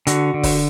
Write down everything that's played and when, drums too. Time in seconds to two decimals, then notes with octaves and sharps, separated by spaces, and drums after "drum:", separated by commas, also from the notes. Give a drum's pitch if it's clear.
0.07 D3 F#4, drum: hi-hat
0.34 D3
0.43 drum: kick, open hi-hat